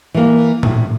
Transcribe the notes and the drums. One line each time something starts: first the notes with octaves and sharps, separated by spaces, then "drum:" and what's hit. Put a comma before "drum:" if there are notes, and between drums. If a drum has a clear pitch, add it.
E3 A#3
A2, drum: tom A#2